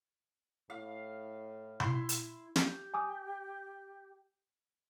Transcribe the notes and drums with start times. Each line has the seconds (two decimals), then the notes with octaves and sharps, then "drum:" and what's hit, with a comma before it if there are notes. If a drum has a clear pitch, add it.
0.70 A2 F5
1.80 E4 C6, drum: tom B2
2.09 drum: hi-hat
2.56 G4, drum: snare
2.94 G#5 D6 D#6